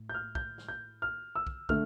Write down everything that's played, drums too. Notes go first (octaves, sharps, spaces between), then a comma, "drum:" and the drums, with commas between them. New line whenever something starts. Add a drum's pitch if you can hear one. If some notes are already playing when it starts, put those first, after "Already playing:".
Already playing: A2
G6
F6
G6, drum: kick
drum: snare
G6
F6
E6
drum: kick
D3 A3 F6, drum: kick